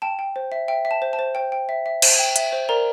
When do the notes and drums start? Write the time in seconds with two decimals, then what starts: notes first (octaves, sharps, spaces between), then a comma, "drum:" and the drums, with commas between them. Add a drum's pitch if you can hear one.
0.02 G5 A5
0.19 G5
0.36 C5
0.52 E5
0.68 E5 G5
0.85 E5
0.91 A5
1.02 C5
1.13 A5
1.19 C5
1.35 C5 G5
1.52 G5
1.69 E5
1.86 E5
2.02 C5, drum: cymbal
2.19 G5
2.36 E5, drum: hi-hat
2.52 C5
2.69 A#4 D5 A#5